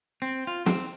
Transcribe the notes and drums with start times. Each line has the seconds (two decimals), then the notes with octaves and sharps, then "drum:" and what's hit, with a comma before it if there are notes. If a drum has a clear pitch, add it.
0.22 C4
0.47 F4
0.66 C4, drum: snare